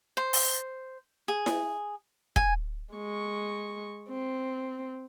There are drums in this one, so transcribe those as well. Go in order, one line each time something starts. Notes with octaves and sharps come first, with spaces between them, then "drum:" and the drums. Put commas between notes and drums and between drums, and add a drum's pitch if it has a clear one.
C5
drum: open hi-hat
G#4
drum: snare E4
G#5, drum: kick
G#3 C#6
C4